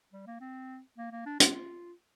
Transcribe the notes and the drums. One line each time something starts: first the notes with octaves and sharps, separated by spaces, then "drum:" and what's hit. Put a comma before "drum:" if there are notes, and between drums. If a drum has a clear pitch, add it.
G3
A#3
C4
A#3
A#3
D4
F4, drum: hi-hat
F4